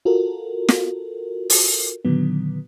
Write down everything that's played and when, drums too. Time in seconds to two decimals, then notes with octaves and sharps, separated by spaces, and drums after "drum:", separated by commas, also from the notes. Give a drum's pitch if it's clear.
0.05 F4 F#4 A4 A#4
0.69 drum: snare
1.50 drum: open hi-hat
2.05 A#2 D3 D#3 F#3 B3